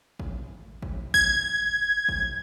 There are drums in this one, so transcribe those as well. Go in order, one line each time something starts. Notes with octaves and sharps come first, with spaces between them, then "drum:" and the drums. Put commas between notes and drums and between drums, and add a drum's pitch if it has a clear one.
drum: kick G#1
drum: kick G#1
G#6, drum: kick G#1
drum: kick G#1